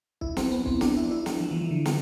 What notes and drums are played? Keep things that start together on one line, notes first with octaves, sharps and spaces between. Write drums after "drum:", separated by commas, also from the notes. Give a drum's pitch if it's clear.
E4, drum: kick B1
C4, drum: snare
B3
C4, drum: kick B1
D4, drum: snare
E4
E4
drum: snare
F3
E3
E3
D3
drum: snare